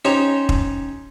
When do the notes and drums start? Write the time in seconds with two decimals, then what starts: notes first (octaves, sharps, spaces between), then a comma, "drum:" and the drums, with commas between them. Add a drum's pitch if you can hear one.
0.05 C#4 D#4 G4 C5 C#5
0.49 drum: kick